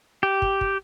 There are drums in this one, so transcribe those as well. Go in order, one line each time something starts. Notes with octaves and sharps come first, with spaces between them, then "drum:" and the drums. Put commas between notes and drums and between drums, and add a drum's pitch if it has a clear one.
G4
drum: kick
drum: kick